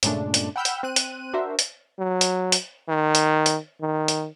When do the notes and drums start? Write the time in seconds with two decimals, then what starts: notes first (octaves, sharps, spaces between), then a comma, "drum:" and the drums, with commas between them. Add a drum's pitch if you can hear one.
0.03 G2 A#2 C#3 G#3 A3 D4, drum: hi-hat
0.34 drum: hi-hat
0.56 F#5 G5 B5 E6 F6 G6
0.65 drum: hi-hat
0.83 C4 F#6 D#7
0.96 drum: hi-hat
1.33 D4 F#4 A#4 C5 E5
1.59 drum: hi-hat
1.99 F#3
2.21 drum: hi-hat
2.52 drum: hi-hat
2.89 D#3
3.15 drum: hi-hat
3.46 drum: hi-hat
3.82 D#3
4.08 drum: hi-hat